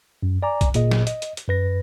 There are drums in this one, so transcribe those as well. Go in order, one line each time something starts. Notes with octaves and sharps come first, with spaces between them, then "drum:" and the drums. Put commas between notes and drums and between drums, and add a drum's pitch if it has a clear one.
F#2
D5 G#5 A#5 D6
drum: kick, hi-hat
G1 A#2 G#4 D#5, drum: hi-hat
drum: snare
D#5, drum: hi-hat
drum: hi-hat
drum: hi-hat
F#2 B4 A#6